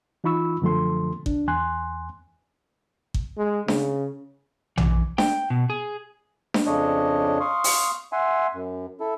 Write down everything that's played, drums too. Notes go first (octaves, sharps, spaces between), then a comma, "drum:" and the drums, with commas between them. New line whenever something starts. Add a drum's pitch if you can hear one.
E3 D#4 F4 B5 C#6 E6
F#2 D3 F3 A3 A4 C6
D2 D4, drum: kick G#1
E2 G#5 C6 F#6
drum: kick G#1
G#3
C#3, drum: snare D4
E3, drum: tom
G5, drum: snare D4
B2
G#4
drum: snare D4
F2 C#3 D4 C#5 D#5
F5 C6 C#6 D#6
drum: open hi-hat
E5 F#5 G#5 C6
F#2
E4 A4